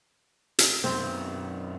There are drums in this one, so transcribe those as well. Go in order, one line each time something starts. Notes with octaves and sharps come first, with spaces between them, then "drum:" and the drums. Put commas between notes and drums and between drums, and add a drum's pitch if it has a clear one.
drum: hi-hat
F#2 B2 C4